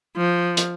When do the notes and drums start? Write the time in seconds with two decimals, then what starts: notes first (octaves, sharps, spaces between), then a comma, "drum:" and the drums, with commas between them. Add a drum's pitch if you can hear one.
0.16 F3
0.57 drum: hi-hat